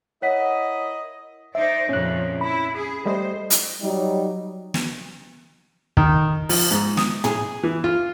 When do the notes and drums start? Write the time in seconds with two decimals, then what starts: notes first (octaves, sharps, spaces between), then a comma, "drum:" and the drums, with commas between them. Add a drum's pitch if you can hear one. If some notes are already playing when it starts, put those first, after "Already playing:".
0.22 E4 A#4 C#5 D#5 F#5 B6
1.55 D#4 C5 D5 E5
1.89 F2 A#2 C#3 C#4 F#6
2.41 E4 B5
2.75 G#4
3.06 G3 A3 C5 D#5
3.50 drum: hi-hat
3.82 F#3 G3 D#4
4.74 drum: snare
5.97 D#3, drum: kick
6.49 F3, drum: open hi-hat
6.71 G#2
6.97 D#6, drum: snare
7.24 G#4, drum: tom
7.63 E3
7.84 F4